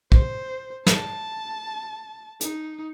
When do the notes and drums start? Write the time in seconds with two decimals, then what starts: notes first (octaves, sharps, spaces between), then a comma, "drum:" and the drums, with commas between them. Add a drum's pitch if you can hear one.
0.12 C5, drum: kick
0.87 A5, drum: snare
2.41 D#4, drum: hi-hat